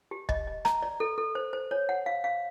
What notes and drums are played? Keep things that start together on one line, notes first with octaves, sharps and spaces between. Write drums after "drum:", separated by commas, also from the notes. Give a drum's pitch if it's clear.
G4
D#5, drum: kick
D#5
A#5, drum: rim click
D5
A4
A4
C5
C5
C#5
F#5
F5
F5